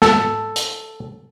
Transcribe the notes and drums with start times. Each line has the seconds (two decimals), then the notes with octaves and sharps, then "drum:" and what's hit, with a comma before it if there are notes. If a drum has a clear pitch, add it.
0.02 A4, drum: snare
0.56 drum: hi-hat